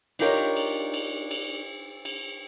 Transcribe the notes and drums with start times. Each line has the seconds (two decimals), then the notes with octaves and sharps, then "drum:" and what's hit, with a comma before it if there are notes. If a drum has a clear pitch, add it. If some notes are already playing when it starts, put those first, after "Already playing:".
0.19 D4 D#4 F4 G4 A#4 C#5, drum: cymbal
0.56 drum: cymbal
0.94 drum: cymbal
1.31 drum: cymbal
2.05 drum: cymbal